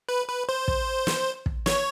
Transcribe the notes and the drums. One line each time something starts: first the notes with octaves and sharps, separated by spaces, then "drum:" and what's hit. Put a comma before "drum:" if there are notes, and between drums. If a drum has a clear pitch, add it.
B4
B4
C5
drum: kick
drum: snare
drum: kick
C#5, drum: snare